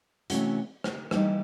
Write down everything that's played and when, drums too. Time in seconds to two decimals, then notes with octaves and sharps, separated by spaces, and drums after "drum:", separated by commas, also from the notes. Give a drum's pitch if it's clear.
0.30 C3 E3 A3 C#4 F#4, drum: hi-hat
0.84 drum: rim click
1.11 E3 G3 A#3 D#4, drum: rim click